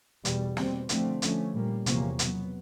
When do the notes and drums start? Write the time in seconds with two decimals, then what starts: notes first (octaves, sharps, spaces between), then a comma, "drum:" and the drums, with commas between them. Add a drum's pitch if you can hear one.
0.25 E2 B2 G3, drum: hi-hat
0.57 B2 G3 C4, drum: snare
0.89 D3 F3 A3 C4, drum: hi-hat
1.22 D3 F3 A3 C#4, drum: hi-hat
1.55 A#2 G3 A#3
1.86 E2 C3 F3 A#3 C#4, drum: hi-hat
2.19 B2 F#3 B3, drum: hi-hat